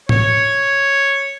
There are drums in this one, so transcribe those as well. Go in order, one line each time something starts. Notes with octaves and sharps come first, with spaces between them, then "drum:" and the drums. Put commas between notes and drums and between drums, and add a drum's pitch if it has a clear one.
C#5, drum: tom A2